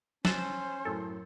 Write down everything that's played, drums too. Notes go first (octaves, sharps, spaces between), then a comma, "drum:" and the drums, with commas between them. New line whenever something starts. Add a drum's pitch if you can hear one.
C#4 C5 A5 E6 F#6, drum: snare
F#2 A2 A4